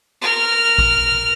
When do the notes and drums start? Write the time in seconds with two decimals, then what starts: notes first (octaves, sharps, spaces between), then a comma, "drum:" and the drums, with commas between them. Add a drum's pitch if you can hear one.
0.22 A#4 F6
0.78 drum: kick A1